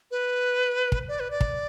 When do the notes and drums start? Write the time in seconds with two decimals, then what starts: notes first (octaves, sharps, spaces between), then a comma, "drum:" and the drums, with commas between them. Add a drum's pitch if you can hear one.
0.11 B4
0.92 drum: kick
1.08 D5
1.20 B4
1.31 D5
1.41 drum: kick